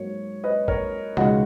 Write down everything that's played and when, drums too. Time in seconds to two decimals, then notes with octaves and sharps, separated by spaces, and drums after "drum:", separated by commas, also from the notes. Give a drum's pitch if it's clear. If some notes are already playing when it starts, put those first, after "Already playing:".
Already playing: G#2 F#3 A#3 C#5
0.44 B4 D#5
0.68 A#4 C#5, drum: kick
1.17 C#2 C#3 G#3 D#4 F#4, drum: tom B2